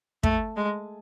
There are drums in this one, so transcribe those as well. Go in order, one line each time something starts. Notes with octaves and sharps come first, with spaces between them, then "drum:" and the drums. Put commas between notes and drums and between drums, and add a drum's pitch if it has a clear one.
A3, drum: kick
G#3